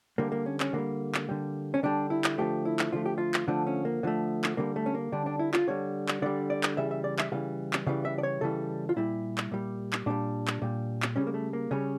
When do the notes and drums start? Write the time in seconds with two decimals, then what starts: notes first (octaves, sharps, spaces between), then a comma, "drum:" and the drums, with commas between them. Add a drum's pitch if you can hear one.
0.18 D3 G3 A#3
0.32 A#3
0.46 C#4
0.60 C#4, drum: clap
0.73 D3 G3 A#3
1.15 drum: clap
1.29 D3 G3
1.74 C#4
1.83 D3 G3 D4
2.10 E4
2.24 drum: clap
2.38 D3 F3 A3 G4
2.65 E4
2.79 drum: clap
2.92 D3 F3 A3 F4
3.06 G4
3.18 F4
3.34 drum: clap
3.47 D3 F3 A3 D4
3.67 C#4
3.85 A#3
4.03 D3 F3 A3
4.44 drum: clap
4.57 D3 G3 A#3
4.76 A3
4.86 C#4
4.95 A#3
5.12 D3 G3 D4
5.26 D4
5.39 E4
5.54 F4, drum: clap
5.67 D3 G3 C#5
6.08 drum: clap
6.22 D3 G3 D5
6.50 D5
6.63 drum: clap
6.77 C#3 E3 G3 E5
6.91 E5
7.04 D5
7.19 E5, drum: clap
7.32 C#3 E3 G3 F5
7.73 drum: clap
7.87 C#3 E3 G3 F5
8.05 E5
8.18 D5
8.23 C#5
8.41 C#3 E3 G3 A4
8.89 F4
8.96 A#2 G3 E4
9.38 drum: clap
9.51 A#2 G3
9.93 drum: clap
10.06 A#2 G3 D4
10.48 drum: clap
10.62 A#2 G3
11.02 drum: clap
11.16 C#3 G3 C#4
11.27 A#3
11.34 A3
11.53 A#3
11.71 C#3 G3 C#4